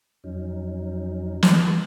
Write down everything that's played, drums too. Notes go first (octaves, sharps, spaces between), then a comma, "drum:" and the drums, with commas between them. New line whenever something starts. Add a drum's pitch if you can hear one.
F2 F#3 C#4 D#4
drum: snare